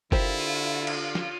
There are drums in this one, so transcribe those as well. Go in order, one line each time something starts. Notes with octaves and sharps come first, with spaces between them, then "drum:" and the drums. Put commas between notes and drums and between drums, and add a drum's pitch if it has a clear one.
D3 E4 F4 G4 A#4 C5, drum: kick F#1
drum: cymbal
drum: snare